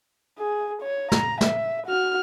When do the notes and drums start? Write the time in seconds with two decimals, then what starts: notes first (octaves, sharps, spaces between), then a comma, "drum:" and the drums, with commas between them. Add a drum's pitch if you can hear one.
0.38 G#4
0.82 C#5
1.12 A#5, drum: snare
1.41 E5, drum: snare
1.86 F#4 F6